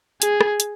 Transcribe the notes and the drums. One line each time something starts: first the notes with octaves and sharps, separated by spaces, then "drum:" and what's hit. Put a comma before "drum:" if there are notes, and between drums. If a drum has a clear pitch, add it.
G#4, drum: hi-hat
drum: rim click
drum: hi-hat